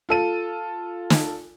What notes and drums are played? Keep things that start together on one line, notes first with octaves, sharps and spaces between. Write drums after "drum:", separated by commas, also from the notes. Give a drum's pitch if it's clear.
F4 A4 D#7
drum: snare